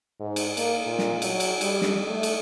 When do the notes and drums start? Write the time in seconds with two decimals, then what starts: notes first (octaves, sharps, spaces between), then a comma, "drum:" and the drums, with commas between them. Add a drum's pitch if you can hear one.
0.20 G#2
0.36 drum: cymbal
0.57 A#3, drum: cymbal
0.86 A#2
0.99 drum: snare
1.22 F#3, drum: cymbal
1.40 drum: cymbal
1.61 G3, drum: cymbal
1.82 drum: snare
2.09 A3
2.23 drum: cymbal